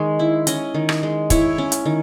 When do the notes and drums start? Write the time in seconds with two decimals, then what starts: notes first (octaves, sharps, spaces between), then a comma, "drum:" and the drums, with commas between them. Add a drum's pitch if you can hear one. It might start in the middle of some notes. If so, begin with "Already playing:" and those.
Already playing: D#3 G#3 C#5
0.19 E4
0.47 C#4 D#5, drum: hi-hat
0.74 D#3
0.89 drum: rim click
1.03 G#3
1.30 E4 C#5, drum: kick, hi-hat
1.58 C#4
1.72 drum: hi-hat
1.86 D#3